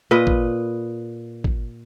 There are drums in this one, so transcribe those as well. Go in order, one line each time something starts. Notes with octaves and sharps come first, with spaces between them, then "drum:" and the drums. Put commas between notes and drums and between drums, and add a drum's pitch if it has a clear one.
A#2 B4 D#5
drum: kick
drum: kick